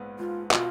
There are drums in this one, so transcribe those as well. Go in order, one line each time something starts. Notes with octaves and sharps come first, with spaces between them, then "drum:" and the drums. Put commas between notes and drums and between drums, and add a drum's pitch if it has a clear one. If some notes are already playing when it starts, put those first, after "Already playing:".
Already playing: A#1 G#2 B3
G#2 F4
B2 F4, drum: clap